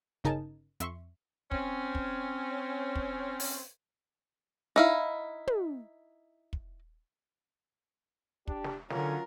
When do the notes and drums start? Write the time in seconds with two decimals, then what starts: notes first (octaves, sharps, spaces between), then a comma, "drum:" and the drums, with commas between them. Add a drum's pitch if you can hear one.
0.24 G1 C#3 D#4 A#4 G#5 A5
0.80 F2 E5 C6 C#6, drum: hi-hat
1.51 C4 C#4, drum: kick
1.95 drum: kick
2.95 drum: kick
3.40 drum: open hi-hat
4.76 D#4 E4 F5
5.47 drum: tom
6.53 drum: kick
8.48 D4 G4, drum: kick
8.64 drum: snare
8.90 D3 F#3 C#4 F4 A#4, drum: snare